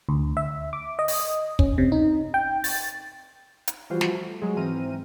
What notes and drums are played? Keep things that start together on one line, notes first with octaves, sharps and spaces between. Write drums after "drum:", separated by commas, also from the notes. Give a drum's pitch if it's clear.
D2
E5
D6
D#5
drum: open hi-hat
C#4, drum: kick
C3
D#4
G5
A6, drum: open hi-hat
drum: hi-hat
E3 F3 G3 F4 F#4 C5
drum: snare
A3
F#3 G#3 G#4
G#2 E3 C4 A#5 F6 D#7